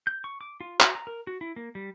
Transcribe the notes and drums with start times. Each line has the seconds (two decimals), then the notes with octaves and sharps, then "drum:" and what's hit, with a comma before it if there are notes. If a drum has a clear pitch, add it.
0.07 G6
0.24 C#6
0.41 D6
0.61 F4
0.80 F#4, drum: clap
0.95 A#5
1.07 A#4
1.27 F#4
1.41 E4
1.56 A#3
1.75 G3